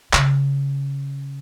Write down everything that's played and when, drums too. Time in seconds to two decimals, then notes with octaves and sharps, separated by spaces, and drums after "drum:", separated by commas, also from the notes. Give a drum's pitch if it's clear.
0.13 C#3, drum: clap